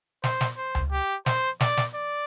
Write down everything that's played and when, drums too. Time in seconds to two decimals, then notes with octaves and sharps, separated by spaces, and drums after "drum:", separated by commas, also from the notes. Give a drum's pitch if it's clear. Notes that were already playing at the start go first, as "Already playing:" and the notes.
0.24 C5, drum: snare
0.41 drum: snare
0.57 C5
0.75 drum: tom C#2
0.92 G4
1.26 C5, drum: snare
1.60 D5, drum: snare
1.77 drum: snare
1.95 D5